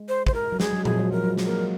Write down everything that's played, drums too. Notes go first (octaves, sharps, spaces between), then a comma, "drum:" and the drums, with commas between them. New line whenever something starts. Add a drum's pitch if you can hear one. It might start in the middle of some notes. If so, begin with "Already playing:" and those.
Already playing: G#3
C5
C5, drum: kick
A#4
F#3
G#3 G#4, drum: snare
F#3
F3 G#4, drum: tom A#2
F#3
F3 A#4
F#3
G#3, drum: snare
A#3 A#4